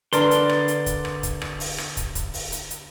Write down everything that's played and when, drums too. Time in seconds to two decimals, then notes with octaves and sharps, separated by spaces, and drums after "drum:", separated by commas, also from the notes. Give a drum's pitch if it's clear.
0.13 D3 A#4 B4 D5 C6, drum: hi-hat
0.31 drum: hi-hat
0.49 drum: rim click
0.68 drum: hi-hat
0.86 drum: kick, hi-hat
1.05 drum: rim click
1.23 drum: kick, hi-hat
1.42 drum: rim click
1.60 drum: open hi-hat
1.78 drum: rim click
1.97 drum: kick, hi-hat
2.15 drum: kick, hi-hat
2.34 drum: open hi-hat
2.52 drum: hi-hat
2.70 drum: hi-hat